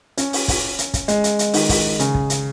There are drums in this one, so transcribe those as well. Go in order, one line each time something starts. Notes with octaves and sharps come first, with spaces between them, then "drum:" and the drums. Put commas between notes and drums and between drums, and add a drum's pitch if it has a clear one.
C#4, drum: hi-hat
drum: open hi-hat
drum: kick, open hi-hat
drum: hi-hat
drum: kick, hi-hat
G#3, drum: hi-hat
drum: hi-hat
drum: hi-hat
D#3, drum: open hi-hat
drum: kick, open hi-hat
C#3, drum: hi-hat
drum: kick
drum: hi-hat